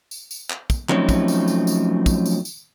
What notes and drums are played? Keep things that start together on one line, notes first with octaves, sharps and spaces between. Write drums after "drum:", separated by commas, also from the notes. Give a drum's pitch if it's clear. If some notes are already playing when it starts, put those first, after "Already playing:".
drum: tambourine
drum: tambourine
drum: clap
drum: kick, tambourine
F3 F#3 A3 C4 C#4 D#4, drum: clap
drum: kick, tambourine
drum: tambourine
drum: tambourine
drum: tambourine
drum: kick, tambourine
drum: tambourine
drum: tambourine